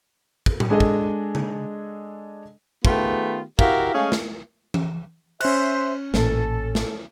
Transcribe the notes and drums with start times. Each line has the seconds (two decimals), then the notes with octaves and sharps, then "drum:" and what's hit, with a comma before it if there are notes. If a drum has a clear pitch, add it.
0.46 drum: kick
0.60 drum: tom A2
0.70 G#3 D4 G#4 A4 D#5
0.80 drum: kick
1.35 drum: tom C#3
2.85 D#3 A3 B3 F4 G4 G#4, drum: kick
3.59 E4 F#4 G4 A#4 F5, drum: kick
3.94 G#3 A3 C#4 G#4 F5
4.12 drum: snare
4.74 drum: tom E3
5.41 C#4 C5 E5 F#6, drum: cymbal
6.14 A1 A#2 A4, drum: snare
6.75 drum: snare